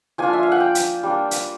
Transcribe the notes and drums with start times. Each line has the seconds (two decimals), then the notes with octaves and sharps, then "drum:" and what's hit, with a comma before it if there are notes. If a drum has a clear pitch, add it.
0.18 F3 A#3 D4 F4 G#5
0.33 E5
0.43 F5
0.52 F#5
0.60 G5
0.75 drum: hi-hat
1.03 G3 A#3 D4
1.31 drum: hi-hat